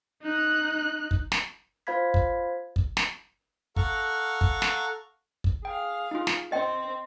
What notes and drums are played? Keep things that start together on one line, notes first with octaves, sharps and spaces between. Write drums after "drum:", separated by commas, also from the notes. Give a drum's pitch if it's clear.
D#4 F#6
drum: kick
drum: snare
F4 C5 F5 B5 G#6 B6
drum: kick
drum: kick
drum: snare
A4 F5 F#5 A#5 C#6, drum: kick
drum: kick
drum: snare
drum: kick
G#4 F5 G5
D#4 F4
drum: snare
C4 D#5 G5